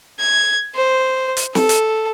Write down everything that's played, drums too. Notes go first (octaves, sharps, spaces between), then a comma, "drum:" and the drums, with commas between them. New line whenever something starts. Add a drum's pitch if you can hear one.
G#6
C5
drum: hi-hat
A4, drum: snare
drum: hi-hat